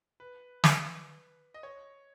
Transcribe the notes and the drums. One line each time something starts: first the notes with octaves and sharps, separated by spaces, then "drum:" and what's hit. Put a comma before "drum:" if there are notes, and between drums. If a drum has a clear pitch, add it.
B4
drum: snare
D#5
C#5